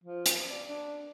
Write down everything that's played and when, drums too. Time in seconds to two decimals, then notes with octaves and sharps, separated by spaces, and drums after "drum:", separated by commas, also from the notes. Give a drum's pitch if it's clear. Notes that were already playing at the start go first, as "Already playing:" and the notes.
0.04 F3
0.26 drum: hi-hat
0.49 D5
0.67 D4